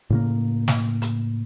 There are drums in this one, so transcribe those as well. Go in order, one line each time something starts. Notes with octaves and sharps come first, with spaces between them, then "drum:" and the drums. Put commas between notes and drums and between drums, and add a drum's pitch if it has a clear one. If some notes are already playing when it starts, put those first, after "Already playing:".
A2 C#3 A#3
drum: snare
drum: hi-hat